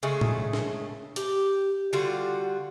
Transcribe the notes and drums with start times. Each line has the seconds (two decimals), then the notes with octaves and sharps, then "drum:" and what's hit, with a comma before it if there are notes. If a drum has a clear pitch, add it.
0.03 C#3 G#3 A3
0.21 drum: tom A2
0.53 drum: snare D4
1.16 G4, drum: hi-hat
1.93 D3 G3 F4 F#4